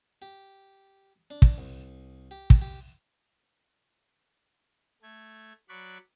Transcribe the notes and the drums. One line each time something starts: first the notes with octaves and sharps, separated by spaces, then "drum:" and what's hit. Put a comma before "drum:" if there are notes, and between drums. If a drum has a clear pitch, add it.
G4
D4
drum: kick
C2
G4
drum: kick
G4
A3 G#6
F#3 D5 B5 C#6 F#6